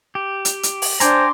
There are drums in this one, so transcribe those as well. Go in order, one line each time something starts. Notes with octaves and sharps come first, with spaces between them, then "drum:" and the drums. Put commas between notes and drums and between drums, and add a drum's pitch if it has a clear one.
G4
drum: hi-hat
drum: hi-hat
drum: open hi-hat
D4 C5 G5 G#5 A#5 C6 D6, drum: hi-hat